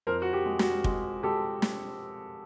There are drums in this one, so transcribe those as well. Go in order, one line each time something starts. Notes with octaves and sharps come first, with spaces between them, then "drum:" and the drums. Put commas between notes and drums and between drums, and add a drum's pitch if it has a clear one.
F2 A#4 C5
F#4
G4
G#3
F#4, drum: snare
G#3, drum: kick
G#3 G4 A4
drum: snare